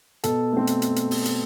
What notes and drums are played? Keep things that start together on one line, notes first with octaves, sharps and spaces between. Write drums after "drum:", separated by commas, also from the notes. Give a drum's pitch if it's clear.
B2 A4, drum: hi-hat
A3 C4
drum: hi-hat
drum: hi-hat
drum: hi-hat
drum: open hi-hat
drum: hi-hat